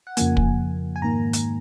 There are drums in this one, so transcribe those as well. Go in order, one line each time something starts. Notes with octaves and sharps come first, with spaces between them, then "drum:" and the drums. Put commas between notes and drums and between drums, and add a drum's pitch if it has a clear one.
F#5
F2 C#3 F3 A#3 G#5, drum: hi-hat
drum: kick
G#5
G#2 D#3 A#3 A#5
drum: hi-hat